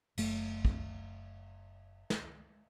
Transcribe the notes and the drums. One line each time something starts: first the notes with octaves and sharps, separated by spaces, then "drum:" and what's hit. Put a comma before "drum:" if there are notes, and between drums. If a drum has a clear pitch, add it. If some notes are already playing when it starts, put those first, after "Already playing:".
F#1 A3, drum: cymbal
drum: kick
drum: snare